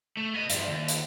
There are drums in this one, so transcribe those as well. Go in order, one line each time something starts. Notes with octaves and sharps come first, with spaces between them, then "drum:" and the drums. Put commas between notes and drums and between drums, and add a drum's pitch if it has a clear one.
A3
B3 D#5
G2 F3, drum: hi-hat
D#2
drum: hi-hat